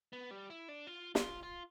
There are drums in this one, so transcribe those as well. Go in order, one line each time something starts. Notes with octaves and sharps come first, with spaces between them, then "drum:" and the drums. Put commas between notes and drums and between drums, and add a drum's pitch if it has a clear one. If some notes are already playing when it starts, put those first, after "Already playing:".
B3
G3
E4
D4
F4
F4, drum: snare
F4